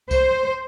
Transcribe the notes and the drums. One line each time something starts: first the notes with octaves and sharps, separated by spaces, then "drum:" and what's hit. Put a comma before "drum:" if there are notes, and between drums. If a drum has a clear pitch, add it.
C5, drum: kick C2, tambourine